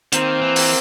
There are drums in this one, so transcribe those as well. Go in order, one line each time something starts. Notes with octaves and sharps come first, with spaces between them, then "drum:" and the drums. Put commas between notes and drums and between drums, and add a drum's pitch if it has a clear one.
D#3 A#3 C4, drum: hi-hat
E3
drum: open hi-hat